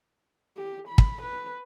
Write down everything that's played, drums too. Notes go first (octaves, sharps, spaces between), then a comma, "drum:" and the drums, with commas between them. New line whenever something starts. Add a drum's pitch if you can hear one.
G4
B5
drum: kick
B4